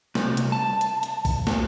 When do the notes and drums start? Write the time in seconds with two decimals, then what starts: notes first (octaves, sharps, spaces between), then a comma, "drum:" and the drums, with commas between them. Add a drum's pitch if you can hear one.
0.15 C2, drum: snare
0.37 drum: hi-hat
0.52 A5
0.81 drum: hi-hat
1.03 drum: hi-hat
1.25 drum: kick A#1, open hi-hat
1.47 drum: snare